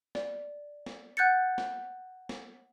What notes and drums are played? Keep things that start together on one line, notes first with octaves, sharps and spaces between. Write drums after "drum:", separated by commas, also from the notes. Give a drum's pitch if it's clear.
D5, drum: snare
drum: snare
F#5 F#6 G6 A6 C#7
drum: snare
drum: snare